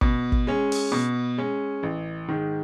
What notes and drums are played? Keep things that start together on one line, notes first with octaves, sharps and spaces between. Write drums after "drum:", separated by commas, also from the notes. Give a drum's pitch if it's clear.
B2, drum: kick
drum: kick
G#3 C#4
drum: open hi-hat
B2
G#3 C#4
A1
G#2 D#3